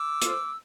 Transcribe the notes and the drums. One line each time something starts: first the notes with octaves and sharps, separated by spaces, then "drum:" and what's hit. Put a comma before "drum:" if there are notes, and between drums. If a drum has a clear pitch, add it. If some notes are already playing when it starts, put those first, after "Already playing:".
Already playing: D6 E6
F4 A4 C5, drum: hi-hat